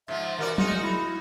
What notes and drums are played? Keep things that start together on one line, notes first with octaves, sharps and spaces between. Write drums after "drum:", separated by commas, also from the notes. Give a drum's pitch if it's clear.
G#2 F3 E5
E3 F#4 A#4 D5
G#3 D#4 F4 F#4, drum: tom F3
E4